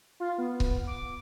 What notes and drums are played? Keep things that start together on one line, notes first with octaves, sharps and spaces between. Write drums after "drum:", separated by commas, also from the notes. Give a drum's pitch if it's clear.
F4
B3
drum: kick C#1
D6